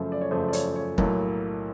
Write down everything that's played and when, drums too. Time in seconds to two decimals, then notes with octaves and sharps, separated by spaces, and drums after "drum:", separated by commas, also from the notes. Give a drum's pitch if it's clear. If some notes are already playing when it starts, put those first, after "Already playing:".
Already playing: F#2 C#3 F3 A3
0.12 D5
0.21 C#5
0.31 F#2 C#3 F3 A3 C5
0.49 D5
0.53 C#5, drum: hi-hat
0.76 C#5
0.98 B1 A2 F#3 A#3, drum: kick